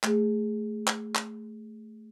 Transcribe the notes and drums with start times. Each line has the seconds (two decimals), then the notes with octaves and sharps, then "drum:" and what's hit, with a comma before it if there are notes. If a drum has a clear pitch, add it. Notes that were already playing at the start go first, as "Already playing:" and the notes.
0.04 A3 G#4, drum: clap
0.87 drum: clap
1.15 drum: clap